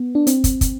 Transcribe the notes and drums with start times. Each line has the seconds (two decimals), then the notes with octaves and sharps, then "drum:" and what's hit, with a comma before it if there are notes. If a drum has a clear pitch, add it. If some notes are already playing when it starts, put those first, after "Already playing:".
Already playing: B3
0.15 D4
0.27 C4, drum: hi-hat
0.44 drum: kick, hi-hat
0.61 drum: kick, hi-hat